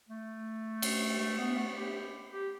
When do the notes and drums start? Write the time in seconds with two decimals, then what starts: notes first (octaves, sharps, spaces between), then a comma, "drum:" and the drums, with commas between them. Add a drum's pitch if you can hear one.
0.09 A3
0.82 drum: cymbal
1.19 A3
1.38 B3
1.57 A3
1.76 G4
2.32 G4